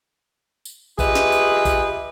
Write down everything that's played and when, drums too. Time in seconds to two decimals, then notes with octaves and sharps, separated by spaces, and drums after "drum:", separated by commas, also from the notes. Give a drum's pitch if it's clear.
0.65 drum: tambourine
0.99 F4 G4 G#4 B4 D#5 E5, drum: kick A#1, tambourine
1.15 drum: snare
1.32 drum: tambourine
1.65 drum: kick A#1, tambourine